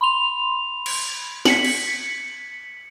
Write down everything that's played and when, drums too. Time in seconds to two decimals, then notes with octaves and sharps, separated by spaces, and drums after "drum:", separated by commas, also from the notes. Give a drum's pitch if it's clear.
0.01 B5 C6 F7
0.86 drum: cymbal
1.45 B6 C#7 F#7, drum: snare
1.65 drum: cymbal